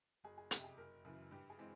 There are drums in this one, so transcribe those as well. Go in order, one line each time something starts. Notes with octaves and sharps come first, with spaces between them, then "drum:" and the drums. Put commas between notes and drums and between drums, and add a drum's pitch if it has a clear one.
F#1 G#4
G#4
F2 C3 G4, drum: hi-hat
G#4
F#1 A#4
F#2 C#3 E3
G2 G4
G#4
E3 G#3 C4